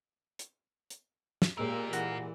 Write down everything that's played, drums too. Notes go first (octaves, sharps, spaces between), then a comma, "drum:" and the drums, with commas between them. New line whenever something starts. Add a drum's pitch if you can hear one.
drum: hi-hat
drum: hi-hat
drum: snare
A#2 G#3 A#3 F4 G4 A#4 E6
E3 F#4, drum: hi-hat